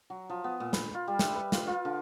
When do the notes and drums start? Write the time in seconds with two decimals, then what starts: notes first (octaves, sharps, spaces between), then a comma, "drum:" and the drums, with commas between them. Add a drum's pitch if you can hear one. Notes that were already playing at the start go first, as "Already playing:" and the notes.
0.10 F#3
0.30 F3
0.44 B3
0.60 A#2
0.73 B5, drum: snare
0.95 F4
1.07 G3
1.19 E5, drum: snare
1.35 B4
1.52 F4, drum: snare
1.67 F4
1.85 D3